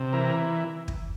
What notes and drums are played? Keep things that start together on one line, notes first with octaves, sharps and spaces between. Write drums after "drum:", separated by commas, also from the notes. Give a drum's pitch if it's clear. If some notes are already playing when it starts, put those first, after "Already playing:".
Already playing: C3
E3 A#4
drum: kick